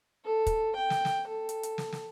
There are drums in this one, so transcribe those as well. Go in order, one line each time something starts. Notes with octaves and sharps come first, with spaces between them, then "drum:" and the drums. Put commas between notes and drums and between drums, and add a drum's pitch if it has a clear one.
A4
drum: kick, hi-hat
G5
drum: snare
drum: snare
A4
drum: hi-hat
drum: hi-hat
drum: snare
drum: snare